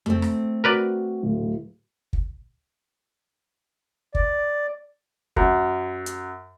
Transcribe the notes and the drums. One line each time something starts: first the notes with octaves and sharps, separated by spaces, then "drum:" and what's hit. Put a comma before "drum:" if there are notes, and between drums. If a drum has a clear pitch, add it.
A3 C4, drum: tom F2
drum: rim click
F#4 A#4 B4 D5
D1
drum: kick
D5, drum: kick
F#2, drum: kick
drum: hi-hat